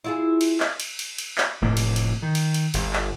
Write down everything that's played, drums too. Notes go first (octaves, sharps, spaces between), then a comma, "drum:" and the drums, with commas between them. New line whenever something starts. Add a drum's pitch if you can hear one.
E4 F4 G#4
drum: cymbal
drum: clap
drum: cymbal
drum: cymbal
drum: cymbal
drum: clap
F1 A2 A#3
drum: cymbal
drum: cymbal
D#3
drum: cymbal
drum: cymbal
G1, drum: cymbal
drum: clap